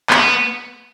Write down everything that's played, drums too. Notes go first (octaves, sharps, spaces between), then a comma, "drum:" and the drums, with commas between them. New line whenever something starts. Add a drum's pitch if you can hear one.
B3, drum: clap